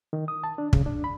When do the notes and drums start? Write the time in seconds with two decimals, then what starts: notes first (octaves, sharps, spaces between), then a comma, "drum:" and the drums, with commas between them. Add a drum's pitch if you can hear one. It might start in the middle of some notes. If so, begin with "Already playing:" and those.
0.13 D#3
0.28 D#6
0.44 A5
0.58 D4
0.73 C#3, drum: kick
0.86 D4
1.04 B5